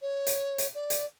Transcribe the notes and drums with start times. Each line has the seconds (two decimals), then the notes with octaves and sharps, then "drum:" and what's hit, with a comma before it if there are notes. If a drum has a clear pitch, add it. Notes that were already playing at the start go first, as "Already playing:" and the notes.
0.01 C#5
0.27 drum: hi-hat
0.58 drum: hi-hat
0.74 D5
0.90 drum: hi-hat